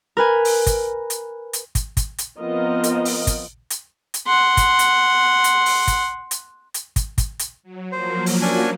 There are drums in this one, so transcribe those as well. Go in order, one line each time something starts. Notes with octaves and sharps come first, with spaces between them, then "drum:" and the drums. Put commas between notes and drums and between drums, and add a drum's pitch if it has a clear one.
A#4 B4 G#5
drum: open hi-hat
drum: kick, hi-hat
drum: hi-hat
drum: hi-hat
drum: kick, hi-hat
drum: kick, hi-hat
drum: hi-hat
F3 B3 C4 F4 A#4 D#5
drum: hi-hat
drum: open hi-hat
drum: kick, hi-hat
drum: hi-hat
drum: hi-hat
F#5 C6
drum: kick, hi-hat
drum: hi-hat
drum: hi-hat
drum: open hi-hat
drum: kick, hi-hat
drum: hi-hat
drum: hi-hat
drum: kick, hi-hat
drum: kick, hi-hat
drum: hi-hat
F#3
F3 F#3 A#3 C5
drum: open hi-hat
C#4 D4 G#5